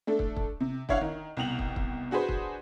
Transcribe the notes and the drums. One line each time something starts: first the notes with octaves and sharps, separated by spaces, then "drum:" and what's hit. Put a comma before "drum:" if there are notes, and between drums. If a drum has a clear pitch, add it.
A3 D4 A4
drum: kick
drum: kick
C3
D4 E4 C#5 F5 F#5, drum: kick
D#3
C2 B2 G5 F7 F#7
drum: kick
drum: kick
D4 F#4 G#4 B4 C5
drum: kick